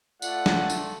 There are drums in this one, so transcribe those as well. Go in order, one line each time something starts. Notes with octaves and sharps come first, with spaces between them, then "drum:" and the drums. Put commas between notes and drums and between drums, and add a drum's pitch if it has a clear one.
A3 F4 D5 F#5, drum: tambourine
drum: snare
drum: tambourine